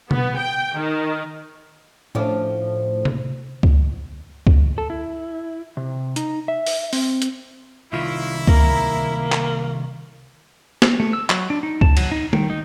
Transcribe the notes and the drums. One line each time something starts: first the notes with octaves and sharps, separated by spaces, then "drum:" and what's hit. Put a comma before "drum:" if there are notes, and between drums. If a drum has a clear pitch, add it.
B3, drum: tom B2
G5
D#3
A2 F3 C#4 D4
drum: tom C3
drum: kick C#2
drum: kick C#2
A4
E4
C3
D#4, drum: hi-hat
E5
drum: open hi-hat
C4, drum: open hi-hat
drum: hi-hat
C2 D#3 E4 F4
A#3 A#4 F5 A#5, drum: kick C#2
drum: clap
drum: snare
A3
E6
F#3, drum: clap
D4
D#4
A5, drum: kick C#2
F#3, drum: cymbal
D#4
D#3, drum: tom G3
D#4